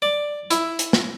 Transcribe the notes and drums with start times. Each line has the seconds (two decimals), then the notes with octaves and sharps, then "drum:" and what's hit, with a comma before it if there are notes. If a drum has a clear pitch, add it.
0.02 D5
0.51 E4, drum: hi-hat
0.79 drum: hi-hat
0.93 drum: snare